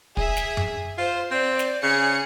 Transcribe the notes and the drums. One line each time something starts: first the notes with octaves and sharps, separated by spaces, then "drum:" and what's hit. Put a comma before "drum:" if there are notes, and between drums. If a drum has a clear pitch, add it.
G#4 E5, drum: kick
drum: snare
drum: tom F#2
F4 C5
C4 D5
drum: snare
C#3 G#4 C#7